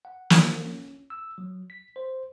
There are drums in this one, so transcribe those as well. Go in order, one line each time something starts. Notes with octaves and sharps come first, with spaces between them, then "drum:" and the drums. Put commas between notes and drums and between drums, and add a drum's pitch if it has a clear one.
F#5
drum: snare
F3
C#4
E6
F#3
B6
C5